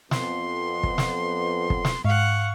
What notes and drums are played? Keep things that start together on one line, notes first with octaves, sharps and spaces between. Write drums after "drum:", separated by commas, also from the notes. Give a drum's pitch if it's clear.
F2 B3 C6, drum: snare
drum: kick
drum: snare
drum: kick
drum: snare
G#2 F5 F#5 C#6